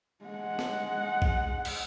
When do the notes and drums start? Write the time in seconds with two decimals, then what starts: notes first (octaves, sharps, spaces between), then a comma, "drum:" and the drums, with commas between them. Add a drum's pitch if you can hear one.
0.25 G#3 F#5
0.59 drum: snare
1.22 drum: kick A#1
1.65 drum: cymbal